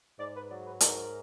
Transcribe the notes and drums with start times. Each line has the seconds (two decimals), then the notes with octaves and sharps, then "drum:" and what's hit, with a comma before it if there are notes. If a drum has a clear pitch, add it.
0.19 G#2 D5
0.34 B4
0.49 F#3 D5
0.65 B4
0.81 G#2 A#4, drum: hi-hat